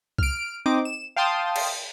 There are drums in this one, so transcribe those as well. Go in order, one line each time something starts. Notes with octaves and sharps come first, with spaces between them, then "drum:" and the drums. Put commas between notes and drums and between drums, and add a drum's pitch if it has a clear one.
F6 D7, drum: kick
C4 D#4 D#5 D6
E7
F5 G5 A5 C6 D#6
drum: cymbal